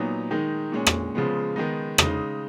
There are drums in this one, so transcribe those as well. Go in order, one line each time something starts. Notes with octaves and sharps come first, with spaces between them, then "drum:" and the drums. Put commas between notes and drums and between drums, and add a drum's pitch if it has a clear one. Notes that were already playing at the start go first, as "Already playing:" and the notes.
Already playing: A#2 F#3 B3 D#4
D#3 G#3 D#4
A#2 G#3 C#4
drum: rim click
C#3 F3 G#3 B3
D#3 G#3 B3 D#4
C#3 G#3 D#4, drum: rim click